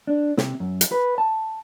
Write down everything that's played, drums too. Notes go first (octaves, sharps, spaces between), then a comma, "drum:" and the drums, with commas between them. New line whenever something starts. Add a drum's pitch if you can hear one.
D4
C3, drum: snare
F#2
drum: hi-hat
B4
A5